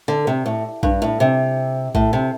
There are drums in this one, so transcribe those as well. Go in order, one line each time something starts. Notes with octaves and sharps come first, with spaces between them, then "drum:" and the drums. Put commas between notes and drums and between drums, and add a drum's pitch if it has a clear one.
D3
C3
A2
G2, drum: kick A#1
A2
C3
A2, drum: kick A#1
C3